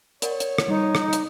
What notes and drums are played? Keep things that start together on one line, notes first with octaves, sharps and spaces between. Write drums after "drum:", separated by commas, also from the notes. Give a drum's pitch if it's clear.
A#4 C#5 D5 F#5, drum: hi-hat
drum: hi-hat
drum: rim click
G3 D#4
drum: rim click
drum: hi-hat